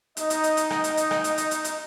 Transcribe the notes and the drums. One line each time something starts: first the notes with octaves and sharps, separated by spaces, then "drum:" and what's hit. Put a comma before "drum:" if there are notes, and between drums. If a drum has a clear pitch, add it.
D#4 D#5, drum: hi-hat
drum: hi-hat
drum: hi-hat
drum: hi-hat
drum: rim click
drum: hi-hat
drum: hi-hat
drum: rim click
drum: hi-hat
drum: hi-hat
drum: hi-hat
drum: hi-hat